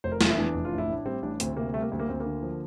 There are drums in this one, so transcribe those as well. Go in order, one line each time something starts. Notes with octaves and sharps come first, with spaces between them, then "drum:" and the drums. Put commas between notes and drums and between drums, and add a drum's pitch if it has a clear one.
F1 C5
A#4
E2 F4, drum: snare
E4
E3 D4
F1
F4
A1
E4
A2 D4
G3 C4
A1 D4
D2 C4, drum: hi-hat
C3 A#3
G3 A3
A#3
D2
A#3
D2 C4
A#3
D3
F3